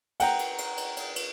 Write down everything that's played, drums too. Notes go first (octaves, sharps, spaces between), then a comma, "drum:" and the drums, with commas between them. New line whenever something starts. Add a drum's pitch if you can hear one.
F#5 G5 A#5, drum: cymbal
drum: cymbal
drum: cymbal
drum: cymbal
drum: cymbal
drum: cymbal